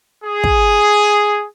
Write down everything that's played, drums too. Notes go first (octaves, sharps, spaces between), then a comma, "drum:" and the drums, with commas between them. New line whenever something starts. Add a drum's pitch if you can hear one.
G#4
drum: kick